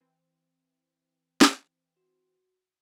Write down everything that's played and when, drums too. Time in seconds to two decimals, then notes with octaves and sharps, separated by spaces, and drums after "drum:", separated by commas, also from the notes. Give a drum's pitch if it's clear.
0.01 E3 C4
1.41 drum: snare
1.97 F#4